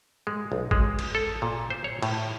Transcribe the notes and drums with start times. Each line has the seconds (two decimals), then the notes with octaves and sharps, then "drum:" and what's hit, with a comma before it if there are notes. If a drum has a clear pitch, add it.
0.27 G#3
0.52 B1
0.71 G#3, drum: kick G#1
0.99 drum: cymbal
1.15 A4
1.42 A#2
1.70 C5
1.84 C#5
2.02 A2, drum: cymbal